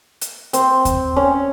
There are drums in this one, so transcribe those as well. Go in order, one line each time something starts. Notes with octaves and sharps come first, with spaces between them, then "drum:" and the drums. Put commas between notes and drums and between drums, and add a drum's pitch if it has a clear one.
drum: hi-hat
C4, drum: hi-hat
drum: kick D#2, hi-hat
C#4